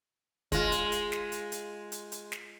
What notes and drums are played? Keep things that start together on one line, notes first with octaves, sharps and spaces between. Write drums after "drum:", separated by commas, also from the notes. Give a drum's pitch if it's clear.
G#3 F4, drum: kick, hi-hat
drum: hi-hat
drum: hi-hat
drum: snare
drum: hi-hat
drum: hi-hat
drum: hi-hat
drum: hi-hat
drum: snare